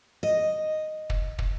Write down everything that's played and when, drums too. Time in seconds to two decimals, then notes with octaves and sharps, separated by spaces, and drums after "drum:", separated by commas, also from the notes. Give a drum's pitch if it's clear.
0.23 D#5
1.10 drum: kick
1.39 drum: kick